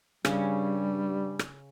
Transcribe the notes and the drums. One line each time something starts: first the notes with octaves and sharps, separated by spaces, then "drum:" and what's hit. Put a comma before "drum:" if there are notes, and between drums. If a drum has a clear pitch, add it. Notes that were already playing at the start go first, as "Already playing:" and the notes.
G2 C#3 G3 C#4, drum: rim click
drum: rim click